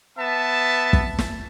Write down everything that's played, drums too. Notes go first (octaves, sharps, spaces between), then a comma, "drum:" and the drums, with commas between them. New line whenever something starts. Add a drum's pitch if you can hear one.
B3 E5 A5
drum: kick
drum: snare